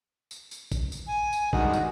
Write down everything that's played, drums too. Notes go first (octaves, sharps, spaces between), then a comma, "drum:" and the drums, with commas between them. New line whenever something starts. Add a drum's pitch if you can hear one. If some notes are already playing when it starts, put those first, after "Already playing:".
drum: tambourine
drum: tambourine
drum: kick A1, tambourine
drum: tambourine
G#5
drum: tambourine
G2 D#3 G#3 F#4, drum: kick A1
drum: tambourine